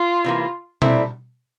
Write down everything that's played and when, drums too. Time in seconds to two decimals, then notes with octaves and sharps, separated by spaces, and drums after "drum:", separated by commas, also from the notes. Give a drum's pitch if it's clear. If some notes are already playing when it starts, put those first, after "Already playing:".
Already playing: F4
0.24 C3 E3 A#3
0.82 A#2 G3 C4 E4 A4, drum: tom B2